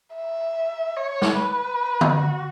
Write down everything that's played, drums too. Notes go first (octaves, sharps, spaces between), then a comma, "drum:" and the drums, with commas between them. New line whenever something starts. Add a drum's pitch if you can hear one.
E5
C#5
drum: snare
B4
drum: tom D3
F#4